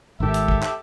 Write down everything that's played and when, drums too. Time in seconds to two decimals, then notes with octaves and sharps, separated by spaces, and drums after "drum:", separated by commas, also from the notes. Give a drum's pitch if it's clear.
0.20 G#1 G#2 D#3 G4 A4 E5
0.34 drum: hi-hat
0.48 drum: kick
0.63 drum: clap